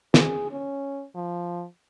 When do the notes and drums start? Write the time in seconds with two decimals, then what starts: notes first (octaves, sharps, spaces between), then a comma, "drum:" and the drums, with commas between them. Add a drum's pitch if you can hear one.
0.14 G#4, drum: snare
0.51 C#4
1.15 F3